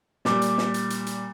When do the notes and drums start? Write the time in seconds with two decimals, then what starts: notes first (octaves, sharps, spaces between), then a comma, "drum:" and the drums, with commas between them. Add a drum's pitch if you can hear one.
0.25 A#2 G3 D6, drum: snare
0.42 drum: hi-hat
0.58 drum: snare
0.74 drum: hi-hat
0.90 drum: hi-hat
1.06 drum: hi-hat